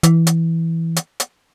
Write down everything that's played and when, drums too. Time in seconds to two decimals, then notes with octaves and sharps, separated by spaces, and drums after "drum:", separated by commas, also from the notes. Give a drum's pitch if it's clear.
0.03 E3, drum: hi-hat
0.27 drum: hi-hat
0.96 drum: hi-hat
1.20 drum: hi-hat